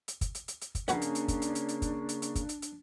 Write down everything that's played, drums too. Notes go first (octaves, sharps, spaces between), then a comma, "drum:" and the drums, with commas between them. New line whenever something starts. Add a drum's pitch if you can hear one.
drum: hi-hat
drum: kick, hi-hat
drum: hi-hat
drum: hi-hat
drum: hi-hat
drum: kick, hi-hat
A#1 C#3 A#3 C#4 D4 F#4 B4, drum: hi-hat
drum: hi-hat
drum: hi-hat
drum: kick, hi-hat
drum: hi-hat
drum: hi-hat
drum: hi-hat
drum: kick, hi-hat
drum: hi-hat
drum: hi-hat
drum: kick, hi-hat
drum: hi-hat
drum: hi-hat